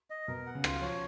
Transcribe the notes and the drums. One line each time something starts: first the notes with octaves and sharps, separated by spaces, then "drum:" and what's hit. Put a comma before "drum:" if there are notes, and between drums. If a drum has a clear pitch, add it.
D#5
B2 A#4
F#5
C#3
F4, drum: rim click
F3 C#5